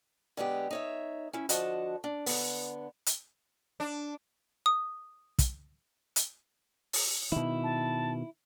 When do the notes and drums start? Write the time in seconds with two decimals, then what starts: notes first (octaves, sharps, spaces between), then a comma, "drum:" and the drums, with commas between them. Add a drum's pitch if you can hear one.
0.37 D3 G#3 B3 G4
0.71 D#4 C#5 E5
1.33 C#4 E4
1.49 D3 F3 F#4 D#5 A5, drum: hi-hat
2.04 D4
2.26 D3 B3, drum: open hi-hat
3.06 drum: hi-hat
3.80 D4
4.66 D#6
5.39 drum: kick, hi-hat
6.16 drum: hi-hat
6.93 drum: open hi-hat
7.32 B2 D#3 E4
7.64 A5